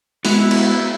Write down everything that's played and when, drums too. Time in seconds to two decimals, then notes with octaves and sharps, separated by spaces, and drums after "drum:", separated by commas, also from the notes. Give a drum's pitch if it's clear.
0.25 G#3 B3 E4 F#4, drum: open hi-hat
0.51 drum: cymbal